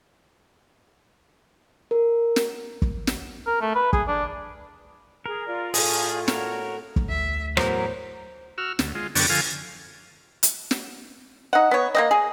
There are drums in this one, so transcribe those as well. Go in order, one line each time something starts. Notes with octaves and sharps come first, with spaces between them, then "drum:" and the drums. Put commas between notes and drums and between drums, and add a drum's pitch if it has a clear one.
A#4
drum: snare
drum: kick
drum: snare
A#4
A3
B4
G#4, drum: kick
D4
G#4 A#4
F4 D5
A2 A3 G#4, drum: open hi-hat
F#4 A#4 C#5, drum: snare
drum: kick
D2 E5
E2 A2 F#3 A#4 C5, drum: rim click
F#4 E6 F6
D2, drum: snare
G#3 F4
F#2 D3 B3 D4 G5 C#6, drum: open hi-hat
D3 F3 A4 F5 G#5
drum: hi-hat
drum: snare
D#4 F#5
B3 C#5
A#3 C4 D#5
G#4